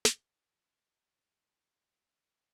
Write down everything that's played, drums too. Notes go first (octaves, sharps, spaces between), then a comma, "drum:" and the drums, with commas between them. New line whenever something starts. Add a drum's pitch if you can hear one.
drum: snare
F#4
D#5
D#5
G#3
E3
A#3
D3
A#3
C4